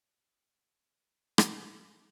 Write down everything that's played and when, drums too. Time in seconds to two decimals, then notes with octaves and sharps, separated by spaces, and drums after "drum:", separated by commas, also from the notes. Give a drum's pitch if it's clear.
0.09 G#4 D#5
1.38 drum: rim click